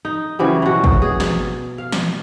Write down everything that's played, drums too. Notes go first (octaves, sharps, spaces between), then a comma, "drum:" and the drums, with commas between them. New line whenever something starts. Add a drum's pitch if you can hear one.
D#4
C#3 E3 F#3 G3
B2 F#4
drum: kick G#1
G#4
drum: snare
F5
drum: snare